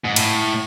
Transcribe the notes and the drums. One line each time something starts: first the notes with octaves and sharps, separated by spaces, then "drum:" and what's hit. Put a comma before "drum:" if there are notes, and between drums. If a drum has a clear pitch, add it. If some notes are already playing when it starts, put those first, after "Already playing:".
G#2
A2, drum: cymbal